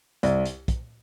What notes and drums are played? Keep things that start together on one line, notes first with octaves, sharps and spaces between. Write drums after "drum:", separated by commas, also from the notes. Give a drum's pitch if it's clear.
C2, drum: hi-hat
drum: hi-hat
drum: kick, hi-hat